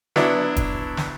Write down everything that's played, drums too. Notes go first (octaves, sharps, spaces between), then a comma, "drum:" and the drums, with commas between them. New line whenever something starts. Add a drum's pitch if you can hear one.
F#3 B3 D4 E4, drum: snare
drum: kick, hi-hat
drum: snare